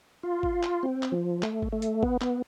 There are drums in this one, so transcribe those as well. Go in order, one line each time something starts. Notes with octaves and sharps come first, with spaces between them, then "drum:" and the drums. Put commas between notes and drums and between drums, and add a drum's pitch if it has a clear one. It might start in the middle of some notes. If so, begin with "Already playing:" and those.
F4
drum: kick G1
drum: clap
C4
drum: clap
F3
A3, drum: clap
drum: kick G1
A3
drum: hi-hat
B3, drum: kick G1
B3, drum: clap